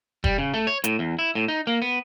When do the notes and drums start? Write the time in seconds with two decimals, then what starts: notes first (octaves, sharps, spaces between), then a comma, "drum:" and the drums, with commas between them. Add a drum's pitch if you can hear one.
0.24 G3, drum: kick
0.38 C#3
0.54 A3
0.67 C#5
0.84 A2, drum: hi-hat
0.99 E2
1.19 E4
1.35 A2
1.48 D#4
1.67 A#3
1.82 B3